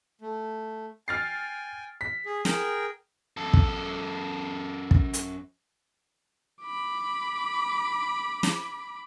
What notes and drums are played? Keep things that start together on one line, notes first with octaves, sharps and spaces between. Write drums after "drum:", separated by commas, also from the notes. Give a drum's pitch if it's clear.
A3
G5 G#5 F6 A6 C7
B6
G#4
G#4 A#4 G5, drum: snare
F#2 A4
drum: kick
drum: kick
drum: hi-hat
B5 D6
drum: snare